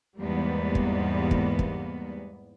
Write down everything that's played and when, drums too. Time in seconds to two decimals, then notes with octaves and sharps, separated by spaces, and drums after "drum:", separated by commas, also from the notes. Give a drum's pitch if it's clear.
0.19 E2 G#2 G3 A#3 B3
0.75 drum: kick
1.31 drum: kick
1.59 drum: kick